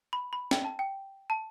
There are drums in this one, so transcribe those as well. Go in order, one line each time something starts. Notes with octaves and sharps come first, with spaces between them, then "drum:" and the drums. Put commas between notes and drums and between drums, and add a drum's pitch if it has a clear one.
B5
B5
G5, drum: snare
A5
G5
A5